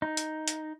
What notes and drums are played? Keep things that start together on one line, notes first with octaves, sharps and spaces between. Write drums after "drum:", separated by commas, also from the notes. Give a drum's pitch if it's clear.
D#4
drum: hi-hat
drum: hi-hat